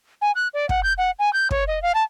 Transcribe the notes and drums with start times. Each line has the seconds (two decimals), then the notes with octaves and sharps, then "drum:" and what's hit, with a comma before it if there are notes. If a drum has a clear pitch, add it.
0.22 G#5
0.35 F#6
0.54 D5
0.69 F#5, drum: kick
0.83 G6
0.98 F#5
1.19 G#5
1.33 G6
1.51 C#5, drum: kick
1.67 D#5
1.82 F5
1.95 A5